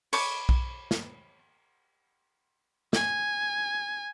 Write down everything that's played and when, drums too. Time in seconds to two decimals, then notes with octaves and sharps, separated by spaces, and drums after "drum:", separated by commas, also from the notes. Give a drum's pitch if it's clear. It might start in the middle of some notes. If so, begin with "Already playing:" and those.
0.13 C#5 B5 D6, drum: cymbal
0.49 drum: kick B1
0.91 drum: snare
2.93 G#5, drum: snare